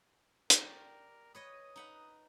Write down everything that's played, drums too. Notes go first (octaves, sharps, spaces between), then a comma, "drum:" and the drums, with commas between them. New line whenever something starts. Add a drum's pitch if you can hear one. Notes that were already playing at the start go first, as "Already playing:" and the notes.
G4 A#4 D5, drum: hi-hat
B4 C#5 D#5 D#6
D#4 F#5 B5